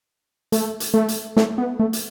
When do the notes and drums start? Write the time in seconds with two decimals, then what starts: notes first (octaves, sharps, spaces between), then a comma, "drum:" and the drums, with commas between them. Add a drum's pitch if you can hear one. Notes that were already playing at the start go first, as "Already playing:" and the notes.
0.52 A3, drum: hi-hat
0.80 drum: hi-hat
0.94 A3
1.08 drum: hi-hat
1.37 A3, drum: snare
1.58 B3
1.80 A3
1.93 drum: hi-hat